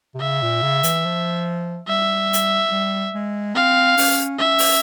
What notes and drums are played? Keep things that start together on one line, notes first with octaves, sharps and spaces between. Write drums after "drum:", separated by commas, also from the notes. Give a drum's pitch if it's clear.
C3
C#3 E5
A#2
C#3
E3, drum: hi-hat
F3
G3 E5
drum: hi-hat
G3
G#3
C4 F5
C#4, drum: open hi-hat
C#4 E5
drum: open hi-hat